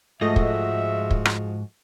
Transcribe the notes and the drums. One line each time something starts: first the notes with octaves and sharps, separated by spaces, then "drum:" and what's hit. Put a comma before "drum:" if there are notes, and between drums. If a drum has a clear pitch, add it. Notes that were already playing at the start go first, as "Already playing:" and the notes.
G#2 F3 G#3 A3 F#4 D#5 E5 A#6
drum: kick
drum: kick
drum: rim click